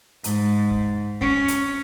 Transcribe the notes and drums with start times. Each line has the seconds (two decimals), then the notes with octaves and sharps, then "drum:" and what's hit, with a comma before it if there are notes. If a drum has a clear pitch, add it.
0.24 G#2, drum: hi-hat
0.71 drum: kick
1.21 C#4, drum: kick
1.48 drum: hi-hat